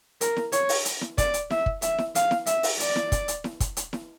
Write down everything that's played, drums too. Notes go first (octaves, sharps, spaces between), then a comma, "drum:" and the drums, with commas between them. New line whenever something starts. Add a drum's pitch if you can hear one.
A#4, drum: hi-hat
drum: snare E4
C#5, drum: hi-hat
drum: open hi-hat
drum: hi-hat
drum: snare E4
D5, drum: kick, hi-hat
drum: hi-hat
E5, drum: snare E4
drum: kick
E5, drum: hi-hat
drum: snare E4
F5, drum: hi-hat
drum: snare E4
E5, drum: hi-hat
drum: open hi-hat
D5, drum: hi-hat
drum: snare E4
drum: kick, hi-hat
drum: hi-hat
drum: snare E4
drum: kick, hi-hat
drum: hi-hat
drum: snare E4